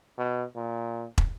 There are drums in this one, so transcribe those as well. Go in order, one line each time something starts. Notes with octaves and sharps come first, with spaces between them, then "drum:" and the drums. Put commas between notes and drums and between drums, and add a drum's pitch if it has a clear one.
B2
A#2
drum: kick